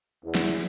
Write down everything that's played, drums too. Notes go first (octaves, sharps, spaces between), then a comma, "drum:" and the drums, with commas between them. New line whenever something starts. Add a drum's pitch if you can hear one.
E2
drum: snare